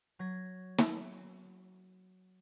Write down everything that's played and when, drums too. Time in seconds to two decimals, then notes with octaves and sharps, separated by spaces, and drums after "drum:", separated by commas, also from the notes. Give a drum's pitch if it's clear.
0.19 F#3 G#6 A#6
0.78 drum: snare